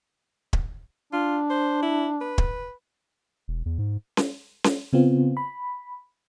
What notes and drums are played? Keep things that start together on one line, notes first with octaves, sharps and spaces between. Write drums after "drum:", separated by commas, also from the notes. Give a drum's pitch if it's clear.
drum: kick
D4 F4
C5
E4
B4
drum: kick
E1
E2
G#2
drum: snare C#4
drum: snare C#4
C#3 B3 C4 F4
B5